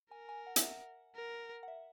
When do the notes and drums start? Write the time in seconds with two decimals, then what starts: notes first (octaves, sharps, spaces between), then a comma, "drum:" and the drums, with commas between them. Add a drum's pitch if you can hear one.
0.11 A#4 G#5
0.29 G#5
0.47 F#5
0.56 E5, drum: hi-hat
0.63 F#5
1.16 A#4
1.63 F#5
1.68 E5